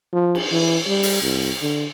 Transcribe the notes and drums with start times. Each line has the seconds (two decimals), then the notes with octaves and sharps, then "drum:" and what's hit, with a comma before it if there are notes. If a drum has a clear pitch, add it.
0.13 F3
0.35 drum: cymbal
0.52 E3
0.87 G3
1.03 drum: open hi-hat
1.22 C2
1.61 D3